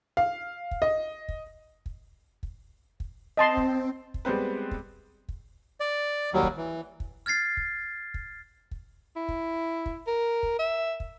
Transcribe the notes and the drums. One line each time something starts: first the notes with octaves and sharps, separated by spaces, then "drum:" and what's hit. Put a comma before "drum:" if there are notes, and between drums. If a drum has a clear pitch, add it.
F5
drum: kick
D#5
drum: kick
drum: kick
drum: kick
drum: kick
C4 D#5 A5 C6
drum: kick
drum: kick
G3 G#3 B3 C4 B4
drum: kick
drum: kick
D5
D#2 F#3 G3
drum: kick
E3
drum: kick
F6 G#6 A6 C7
drum: kick
drum: kick
drum: kick
E4
drum: kick
drum: kick
A#4
drum: kick
E5
drum: kick